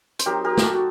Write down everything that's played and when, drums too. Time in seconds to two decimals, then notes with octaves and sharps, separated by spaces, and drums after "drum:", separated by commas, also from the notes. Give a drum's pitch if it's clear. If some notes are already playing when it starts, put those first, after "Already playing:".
0.19 C5, drum: hi-hat
0.26 F#3 C4 D#4 G4 A#4
0.45 G4 A#4
0.57 G4, drum: snare
0.63 F#4 A4